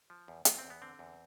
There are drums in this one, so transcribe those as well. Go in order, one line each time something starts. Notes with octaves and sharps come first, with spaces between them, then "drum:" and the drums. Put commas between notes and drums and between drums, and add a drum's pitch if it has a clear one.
F3
E2
E2 F4, drum: hi-hat
C4
E2
B3
D3 C4
E2